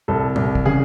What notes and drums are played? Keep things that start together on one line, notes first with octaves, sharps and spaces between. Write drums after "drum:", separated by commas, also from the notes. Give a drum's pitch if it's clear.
C2 A4
C2, drum: tom
drum: kick
C#3 G#4